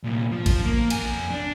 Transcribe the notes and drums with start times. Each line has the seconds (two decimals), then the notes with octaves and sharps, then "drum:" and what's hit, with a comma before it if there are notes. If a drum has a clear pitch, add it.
0.04 C2 A#2
0.32 F3
0.46 drum: kick A1, cymbal
0.65 A#3
0.90 F2 G#5, drum: cymbal
1.30 D4